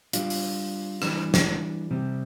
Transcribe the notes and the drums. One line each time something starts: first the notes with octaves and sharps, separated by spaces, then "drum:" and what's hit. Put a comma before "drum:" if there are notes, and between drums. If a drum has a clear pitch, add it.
G3 D4 F4, drum: hi-hat
drum: open hi-hat
E3 G3 D4, drum: rim click
drum: snare
C3 G3 C4